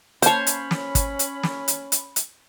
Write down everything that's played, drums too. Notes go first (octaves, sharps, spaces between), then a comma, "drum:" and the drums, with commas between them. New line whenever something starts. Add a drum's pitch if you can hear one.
A#3 C#4 C5 C#5 A5 B5, drum: hi-hat
drum: hi-hat
drum: snare
drum: kick, hi-hat
drum: hi-hat
drum: snare
drum: hi-hat
drum: hi-hat
drum: hi-hat